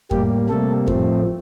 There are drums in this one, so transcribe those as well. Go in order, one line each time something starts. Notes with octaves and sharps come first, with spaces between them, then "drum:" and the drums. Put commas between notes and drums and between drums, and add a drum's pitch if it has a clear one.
A2 G3 A#3 G4, drum: kick F2
C3 G3 A3 A#3 A4
A2 F3 A3 C4, drum: kick F2